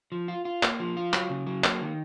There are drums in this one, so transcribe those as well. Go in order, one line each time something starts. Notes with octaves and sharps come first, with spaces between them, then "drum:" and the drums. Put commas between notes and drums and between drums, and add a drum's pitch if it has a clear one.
F3
F4
F4
A#3, drum: clap
F3
F4
F#3, drum: clap
C#3
F#3
A#3, drum: clap
D#3